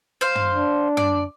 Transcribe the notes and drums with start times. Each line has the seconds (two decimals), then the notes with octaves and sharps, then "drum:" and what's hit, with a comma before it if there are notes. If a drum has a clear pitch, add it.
0.21 C5 F5
0.35 drum: tom
0.54 D4
0.97 D5, drum: tom